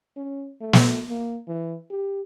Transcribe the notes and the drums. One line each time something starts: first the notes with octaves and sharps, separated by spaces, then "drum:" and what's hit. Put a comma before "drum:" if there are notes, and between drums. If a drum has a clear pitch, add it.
C#4
A3
drum: snare
A#3
E3
G4